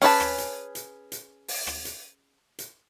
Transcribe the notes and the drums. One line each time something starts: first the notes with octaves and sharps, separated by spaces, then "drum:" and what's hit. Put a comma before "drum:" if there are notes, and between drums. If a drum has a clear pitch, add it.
C#4 G#4 B4 A5, drum: open hi-hat
drum: rim click
drum: hi-hat
drum: hi-hat
drum: hi-hat
drum: open hi-hat
drum: rim click
drum: hi-hat
drum: hi-hat